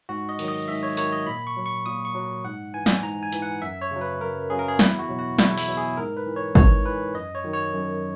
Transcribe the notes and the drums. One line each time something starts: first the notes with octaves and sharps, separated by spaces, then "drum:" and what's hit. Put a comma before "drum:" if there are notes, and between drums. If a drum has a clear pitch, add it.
G#2 F#4
D#5
D#3 F#3, drum: cymbal
D#5
G#2 E5
C#5
D#3 F#3 C#5, drum: hi-hat
D#5
A#2 B5
C#6
F#3
C#6
A#2 D#6
C#6
F#3
G#2 F#5
E3 G#5
drum: snare
G#2 A#5
G#5
E3, drum: hi-hat
F#5
F#2 E5
C#5
C#3 F#3
B4
F#2 A#4
C#3 F#3 G#4
A#4
G#4
E2 E4, drum: snare
F#4
B2 F#3
F#4
E2 E4, drum: snare
E4, drum: open hi-hat
B2 F#3
G#4
G#2 A#4
B4
E3
C#5
G#2 C#5, drum: kick
E3 B4
F#2 D#5
C#5
D#3 F#3
C#5
F#2